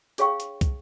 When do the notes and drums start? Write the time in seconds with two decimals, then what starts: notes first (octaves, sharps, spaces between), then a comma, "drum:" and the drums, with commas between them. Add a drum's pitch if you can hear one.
0.18 D4 G#4 C#5 F5 G5 C#6, drum: hi-hat
0.40 drum: hi-hat
0.61 drum: kick, hi-hat